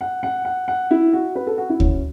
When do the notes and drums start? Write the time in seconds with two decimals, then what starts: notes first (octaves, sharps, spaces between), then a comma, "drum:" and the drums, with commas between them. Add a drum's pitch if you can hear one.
0.01 F#5
0.23 F#5
0.45 F#5
0.68 F#5
0.91 E4
1.13 F#4
1.35 B4
1.47 A4
1.58 F#4
1.70 E4
1.80 C#4, drum: kick D2